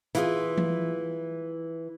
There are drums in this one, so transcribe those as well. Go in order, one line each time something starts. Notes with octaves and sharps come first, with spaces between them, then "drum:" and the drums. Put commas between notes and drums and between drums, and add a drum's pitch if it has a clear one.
E3 F4 G#4, drum: hi-hat
drum: tom E3